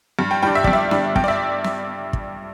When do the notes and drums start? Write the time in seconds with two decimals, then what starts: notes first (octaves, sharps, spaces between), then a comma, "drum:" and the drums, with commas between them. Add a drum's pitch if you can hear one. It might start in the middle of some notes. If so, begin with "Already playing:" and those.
0.19 G2
0.31 G5
0.42 G3 D4 G5
0.55 E5
0.64 G2 D5, drum: kick
0.73 E5
0.91 G3 D4, drum: snare
1.16 G2 G5, drum: kick
1.24 D5
1.28 E5
1.65 drum: snare
2.13 drum: kick